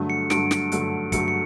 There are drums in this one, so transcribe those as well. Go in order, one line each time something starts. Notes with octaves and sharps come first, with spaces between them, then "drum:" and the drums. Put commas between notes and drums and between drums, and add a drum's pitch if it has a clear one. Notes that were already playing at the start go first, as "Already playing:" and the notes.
Already playing: G2 D3 F#3 A3
C#7
G2 D3 F#3 A3 D7, drum: snare
drum: snare
G2 D3 F#3 A3, drum: hi-hat
G2 D3 F#3 A3 C#7, drum: kick, hi-hat
C#7